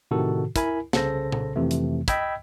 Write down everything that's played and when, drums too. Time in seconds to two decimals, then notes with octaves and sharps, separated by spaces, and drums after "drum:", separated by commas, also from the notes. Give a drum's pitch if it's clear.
0.11 A2 C3 D#3 F#4 A4
0.56 E4 A#4 G#5 B5, drum: kick, hi-hat
0.93 C2 C#3 A4 C5 A#6, drum: snare
1.32 drum: tom A#2
1.56 F2 C3 E3 A3
1.71 drum: hi-hat
2.08 D#5 G5 B5 E6 G#6 B6, drum: kick, hi-hat